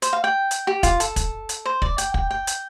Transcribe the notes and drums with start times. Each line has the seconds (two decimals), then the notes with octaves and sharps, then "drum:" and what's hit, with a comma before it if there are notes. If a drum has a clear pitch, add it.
0.02 C5, drum: hi-hat
0.13 F5
0.24 G5
0.51 drum: hi-hat
0.67 G4
0.83 F4, drum: kick, hi-hat
1.00 A4, drum: hi-hat
1.16 drum: kick, hi-hat
1.49 drum: hi-hat
1.65 C5
1.82 D5, drum: kick
1.98 G5, drum: hi-hat
2.14 G5, drum: kick
2.31 G5
2.47 drum: hi-hat